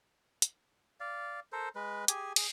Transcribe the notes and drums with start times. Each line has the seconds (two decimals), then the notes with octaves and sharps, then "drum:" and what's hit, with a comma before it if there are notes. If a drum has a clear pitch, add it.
0.42 drum: hi-hat
1.00 D5 F5
1.52 A4 A#4 C5
1.75 G#3 B4
2.08 G4 G#4 G#5, drum: hi-hat
2.36 G#4, drum: cymbal